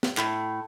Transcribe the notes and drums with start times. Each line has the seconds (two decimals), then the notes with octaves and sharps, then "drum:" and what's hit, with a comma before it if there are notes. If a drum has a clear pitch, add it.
0.03 drum: snare
0.17 A2, drum: clap